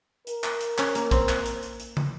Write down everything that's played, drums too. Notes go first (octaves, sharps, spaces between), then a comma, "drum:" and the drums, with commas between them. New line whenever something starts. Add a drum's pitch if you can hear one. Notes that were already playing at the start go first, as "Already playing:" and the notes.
A#4, drum: hi-hat
drum: clap
drum: hi-hat
C#4, drum: clap
A#3, drum: hi-hat
C4, drum: kick A#1, hi-hat
drum: clap
drum: hi-hat
drum: hi-hat
drum: hi-hat
drum: tom